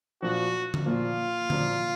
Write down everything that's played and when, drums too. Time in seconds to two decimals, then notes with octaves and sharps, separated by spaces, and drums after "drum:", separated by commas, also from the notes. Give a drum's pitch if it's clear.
0.22 A#2 F3 A#3 F#4
0.74 drum: tom D3
0.86 A#2 F3 A#3 F4
1.50 A#2 F3 A#3, drum: tom D3